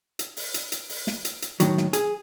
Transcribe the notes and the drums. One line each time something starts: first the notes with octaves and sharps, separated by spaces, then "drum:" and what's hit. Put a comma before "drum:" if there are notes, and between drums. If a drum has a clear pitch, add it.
drum: hi-hat
drum: open hi-hat
drum: hi-hat
drum: hi-hat
drum: open hi-hat
drum: snare
drum: hi-hat
drum: hi-hat
A2 D#3 F#3, drum: hi-hat
drum: snare
G#4, drum: hi-hat